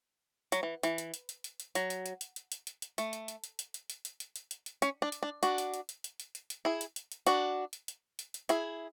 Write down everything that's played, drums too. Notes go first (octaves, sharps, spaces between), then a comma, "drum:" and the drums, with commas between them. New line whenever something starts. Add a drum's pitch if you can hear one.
F#3, drum: hi-hat
E3
E3, drum: hi-hat
drum: hi-hat
drum: hi-hat
drum: hi-hat
drum: hi-hat
drum: hi-hat
F#3, drum: hi-hat
drum: hi-hat
drum: hi-hat
drum: hi-hat
drum: hi-hat
drum: hi-hat
drum: hi-hat
drum: hi-hat
A3, drum: hi-hat
drum: hi-hat
drum: hi-hat
drum: hi-hat
drum: hi-hat
drum: hi-hat
drum: hi-hat
drum: hi-hat
drum: hi-hat
drum: hi-hat
drum: hi-hat
drum: hi-hat
C#4, drum: hi-hat
D4
drum: hi-hat
D4
D4 F#4, drum: hi-hat
drum: hi-hat
drum: hi-hat
drum: hi-hat
drum: hi-hat
drum: hi-hat
drum: hi-hat
drum: hi-hat
E4 G#4
drum: hi-hat
drum: hi-hat
drum: hi-hat
D4 F#4, drum: hi-hat
drum: hi-hat
drum: hi-hat
drum: hi-hat
drum: hi-hat
E4 G#4, drum: hi-hat